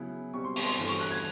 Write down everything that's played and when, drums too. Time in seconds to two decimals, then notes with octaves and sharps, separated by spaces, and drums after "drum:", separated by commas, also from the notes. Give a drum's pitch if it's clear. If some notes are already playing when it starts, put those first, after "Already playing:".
Already playing: C#3 F#3 B3 E4
0.33 B2 G3 C4 C#6
0.44 C6
0.56 C#6, drum: open hi-hat
0.67 C6
0.78 G2 E3 A3 C6
0.89 C#6
1.00 F#6
1.11 G#6